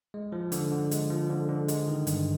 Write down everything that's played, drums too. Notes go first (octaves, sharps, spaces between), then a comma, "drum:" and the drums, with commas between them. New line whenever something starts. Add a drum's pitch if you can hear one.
G#3
F3
D3, drum: hi-hat
D3
G#3, drum: hi-hat
F3
D3
D3
G#3, drum: hi-hat
D#3
G2, drum: hi-hat